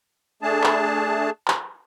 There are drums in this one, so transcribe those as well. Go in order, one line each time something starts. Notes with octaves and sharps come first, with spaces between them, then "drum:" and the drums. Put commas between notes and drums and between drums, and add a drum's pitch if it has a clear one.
A3 D4 G#4 A5
drum: clap
drum: clap